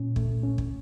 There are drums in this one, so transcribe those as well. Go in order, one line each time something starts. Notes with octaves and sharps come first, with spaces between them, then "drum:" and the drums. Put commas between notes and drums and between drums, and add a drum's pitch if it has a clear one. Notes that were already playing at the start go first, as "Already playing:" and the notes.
Already playing: A#2 C#4
A3, drum: kick
C#4
drum: kick